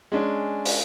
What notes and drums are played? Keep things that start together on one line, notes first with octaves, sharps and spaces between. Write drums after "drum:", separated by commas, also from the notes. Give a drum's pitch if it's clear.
G#3 C#4 D4
drum: open hi-hat